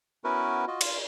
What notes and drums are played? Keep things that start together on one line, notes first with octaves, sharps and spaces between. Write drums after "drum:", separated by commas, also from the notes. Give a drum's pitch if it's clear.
B3 C#4 E4 F#4 A#4 B4
F4 F#4 D#5
F4, drum: cymbal